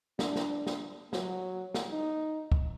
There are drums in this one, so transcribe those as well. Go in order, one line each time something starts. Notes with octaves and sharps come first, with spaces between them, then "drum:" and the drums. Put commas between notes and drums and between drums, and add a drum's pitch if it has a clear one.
D4, drum: snare
drum: snare
drum: snare
F#3, drum: snare
drum: snare
D#4
drum: kick